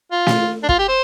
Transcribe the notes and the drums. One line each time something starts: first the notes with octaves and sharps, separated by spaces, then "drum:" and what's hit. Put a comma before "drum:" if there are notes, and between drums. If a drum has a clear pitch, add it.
F4
drum: snare
D4
F4, drum: kick
G4
C5